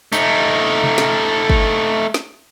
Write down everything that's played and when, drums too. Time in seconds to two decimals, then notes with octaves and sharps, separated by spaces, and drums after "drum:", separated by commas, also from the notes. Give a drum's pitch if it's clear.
0.12 A3 D#4, drum: tambourine
0.84 drum: tom C3
0.98 drum: snare
1.50 drum: kick
2.14 drum: snare